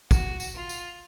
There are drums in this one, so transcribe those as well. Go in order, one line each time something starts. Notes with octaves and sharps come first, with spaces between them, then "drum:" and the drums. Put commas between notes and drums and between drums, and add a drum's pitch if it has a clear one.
F#4, drum: kick, tambourine
drum: tambourine
F4
drum: tambourine